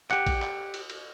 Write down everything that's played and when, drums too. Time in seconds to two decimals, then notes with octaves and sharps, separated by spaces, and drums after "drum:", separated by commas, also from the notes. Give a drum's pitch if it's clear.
0.11 G4 F#5, drum: clap
0.26 drum: kick, cymbal
0.42 drum: clap
0.74 drum: cymbal
0.90 drum: cymbal